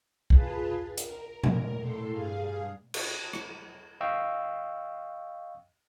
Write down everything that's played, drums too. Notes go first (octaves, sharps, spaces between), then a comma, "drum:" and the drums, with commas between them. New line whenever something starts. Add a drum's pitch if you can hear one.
F4 G#4 B4 A5, drum: kick
A#4, drum: hi-hat
drum: tom A2
A2 A4 C6
G2 G#4 F5
drum: cymbal
drum: rim click
D#5 F5 G5 C#6 E6